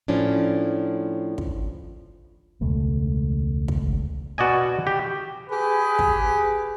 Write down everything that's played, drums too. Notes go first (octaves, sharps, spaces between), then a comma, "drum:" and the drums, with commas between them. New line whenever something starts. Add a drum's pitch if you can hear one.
A2 F3 C#4 D4
drum: kick
E1 C#2 A3
drum: kick
B2 F#4 D5 D#5 G#5
G4
G4 G#4 B4
drum: kick